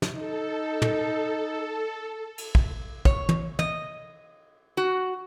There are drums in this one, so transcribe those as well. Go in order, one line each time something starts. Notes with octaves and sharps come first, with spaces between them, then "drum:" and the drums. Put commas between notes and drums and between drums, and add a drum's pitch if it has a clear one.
drum: snare
D#4 A4
drum: tom
drum: cymbal
drum: kick
C#5, drum: kick
drum: tom
D#5, drum: tom
F#4